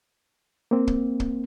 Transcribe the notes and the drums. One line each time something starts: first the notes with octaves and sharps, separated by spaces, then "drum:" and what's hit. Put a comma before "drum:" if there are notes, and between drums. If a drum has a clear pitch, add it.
A#3 C4
drum: kick
drum: kick